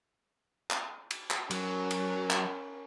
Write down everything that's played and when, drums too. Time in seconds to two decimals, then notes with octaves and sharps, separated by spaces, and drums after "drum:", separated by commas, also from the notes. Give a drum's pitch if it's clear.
0.71 drum: clap
1.11 drum: cymbal
1.31 drum: clap
1.51 F#3 C#4 A#4, drum: cymbal
1.91 drum: cymbal
2.31 drum: clap